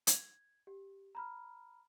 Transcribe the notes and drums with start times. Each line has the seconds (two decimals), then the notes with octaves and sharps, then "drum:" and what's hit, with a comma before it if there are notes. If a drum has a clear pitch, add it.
0.07 G#6, drum: hi-hat
0.67 G4
1.15 A#5 B5 F6